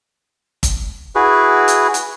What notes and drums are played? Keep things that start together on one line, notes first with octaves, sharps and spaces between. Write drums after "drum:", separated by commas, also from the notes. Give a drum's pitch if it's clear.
drum: kick, hi-hat
E4 F#4 G#4 B4
drum: hi-hat
drum: hi-hat